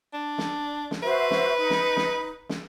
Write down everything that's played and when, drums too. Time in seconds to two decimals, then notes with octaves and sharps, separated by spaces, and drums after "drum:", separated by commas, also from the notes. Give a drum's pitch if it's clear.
0.14 D4
0.38 drum: snare
0.91 drum: snare
1.03 F#4 B4 C5 E5
1.31 drum: snare
1.57 D#4
1.70 drum: snare
1.97 drum: snare
2.49 drum: snare